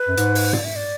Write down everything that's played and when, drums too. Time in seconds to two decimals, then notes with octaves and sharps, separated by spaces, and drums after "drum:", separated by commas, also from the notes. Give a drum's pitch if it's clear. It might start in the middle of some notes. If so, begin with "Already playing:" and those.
Already playing: B4
0.08 F#2
0.17 G#2, drum: hi-hat
0.35 drum: open hi-hat
0.53 D5, drum: tom G#2
0.65 E5
0.76 D5